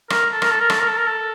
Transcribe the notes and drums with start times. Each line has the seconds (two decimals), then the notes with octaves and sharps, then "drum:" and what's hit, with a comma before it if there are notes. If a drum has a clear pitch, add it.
0.10 A#4, drum: rim click
0.32 A4
0.42 A#4, drum: rim click
0.51 A4
0.60 A#4
0.70 A4, drum: rim click
0.79 A#4
0.88 A4
0.97 A#4
1.06 A4